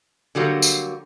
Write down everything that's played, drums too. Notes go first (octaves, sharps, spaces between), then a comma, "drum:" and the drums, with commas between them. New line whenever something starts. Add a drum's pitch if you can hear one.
D3 F#3 G3 A#3
drum: tambourine